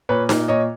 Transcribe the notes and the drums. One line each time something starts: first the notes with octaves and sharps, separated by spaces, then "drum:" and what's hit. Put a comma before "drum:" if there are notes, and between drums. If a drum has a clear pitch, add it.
A#2 B4 C#5
A#2, drum: snare D#4
A#2 C#5 D#5